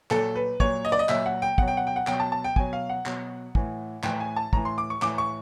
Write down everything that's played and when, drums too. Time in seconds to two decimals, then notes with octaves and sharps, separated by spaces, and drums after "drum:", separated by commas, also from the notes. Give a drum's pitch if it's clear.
0.11 A#2 F#3 A4, drum: clap
0.36 B4
0.60 A#2 F#3 C#5, drum: kick
0.85 D#5
0.92 D5
0.99 D#5
1.09 A#2 F#3 E5, drum: clap
1.26 F#5
1.42 G5
1.58 B2 F#3 F#5, drum: kick
1.68 G5
1.77 F#5
1.87 G5
1.96 F#5
2.07 B2 F#3 G5, drum: clap
2.20 A5
2.32 A5
2.44 G5
2.56 B2 F#3 G#5, drum: kick
2.73 F5
2.90 F#5
3.06 B2 F#3, drum: clap
3.55 A2 E3, drum: kick
4.03 A2 E3 G5, drum: clap
4.20 G#5
4.36 A5
4.53 A2 E3 A#5, drum: kick
4.65 C6
4.78 D6
4.90 C#6
5.02 A2 E3 D6, drum: clap
5.18 C#6